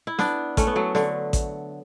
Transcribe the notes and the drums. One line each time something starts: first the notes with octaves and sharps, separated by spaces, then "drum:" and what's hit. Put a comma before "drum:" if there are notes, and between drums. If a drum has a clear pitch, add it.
E4
B3 D4, drum: snare
A3 C#4, drum: kick A1, hi-hat
B3
F#3 A3
D3, drum: snare
drum: kick A1, hi-hat